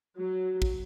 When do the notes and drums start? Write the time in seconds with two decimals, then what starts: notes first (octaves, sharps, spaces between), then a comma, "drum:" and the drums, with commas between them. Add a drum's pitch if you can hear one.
0.18 F#3
0.62 drum: kick